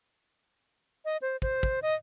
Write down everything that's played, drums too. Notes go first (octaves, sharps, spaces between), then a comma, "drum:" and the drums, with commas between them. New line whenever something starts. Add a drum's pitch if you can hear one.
D#5
C5
C5, drum: kick
drum: kick
D#5